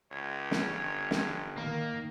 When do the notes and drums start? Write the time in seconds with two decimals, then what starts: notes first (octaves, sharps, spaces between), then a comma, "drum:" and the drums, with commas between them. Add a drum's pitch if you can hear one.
0.12 C#2 C#5
0.51 drum: snare
0.69 G1
1.11 drum: snare
1.58 D#3 A#3